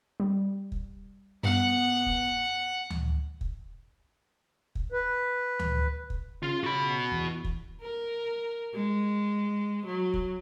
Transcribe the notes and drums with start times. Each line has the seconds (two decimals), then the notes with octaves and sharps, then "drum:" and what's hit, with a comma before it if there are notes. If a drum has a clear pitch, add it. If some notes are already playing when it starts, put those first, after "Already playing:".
0.20 G3
0.72 drum: kick
1.43 G2 B3 F#5
2.06 drum: kick
2.90 drum: tom D2
3.41 drum: kick
4.75 drum: kick
4.92 B4
5.59 drum: tom D2
6.10 drum: kick
6.43 C#3 F4
6.64 F#4 B5
7.12 E2
7.44 drum: kick
7.82 A#4
8.74 G#3
9.86 F#3
10.14 drum: kick